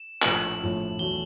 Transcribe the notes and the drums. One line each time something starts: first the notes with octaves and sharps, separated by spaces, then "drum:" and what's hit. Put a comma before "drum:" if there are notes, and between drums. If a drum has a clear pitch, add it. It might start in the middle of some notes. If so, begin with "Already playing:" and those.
Already playing: E7
A#1 A2 F3 A3 F#7, drum: clap
A#1 A2 F3 A3
E2 B2 F#3 A3 G7